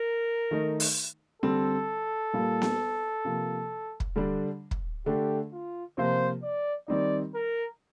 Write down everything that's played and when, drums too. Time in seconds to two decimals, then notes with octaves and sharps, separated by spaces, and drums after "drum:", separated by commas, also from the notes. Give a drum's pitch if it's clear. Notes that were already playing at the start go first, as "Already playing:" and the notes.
Already playing: A#4
0.51 D#3 A3 D#4
0.80 drum: open hi-hat
1.42 D3 G3 C4 A4
2.33 A#2 G3 A#3 F4
2.62 drum: snare B3
3.25 C3 F3 A#3
4.00 drum: kick
4.16 D3 G3 D4
4.71 drum: kick
5.06 D3 A3 D4 G4
5.53 F4
5.98 C3 F3 A#3 F4 C5
6.43 D5
6.88 D#3 G3 C4 D#4 D5
7.35 A#4